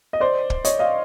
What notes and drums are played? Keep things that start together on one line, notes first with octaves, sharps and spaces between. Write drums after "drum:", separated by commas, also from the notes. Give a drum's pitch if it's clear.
D#5
C5 D5
drum: kick
C#5 D#5, drum: hi-hat
D#5 F5